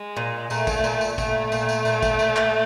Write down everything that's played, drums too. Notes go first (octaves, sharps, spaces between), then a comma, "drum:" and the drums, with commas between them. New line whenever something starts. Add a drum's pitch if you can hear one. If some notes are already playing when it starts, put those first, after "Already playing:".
Already playing: G#3
A#2
A#2 A3, drum: tambourine
drum: kick, tambourine
A#2, drum: tambourine
drum: tambourine
A#2 A3, drum: kick, tambourine
A#2, drum: tambourine
drum: tambourine
A#2, drum: tambourine
drum: kick, tambourine
A#2, drum: tambourine
drum: clap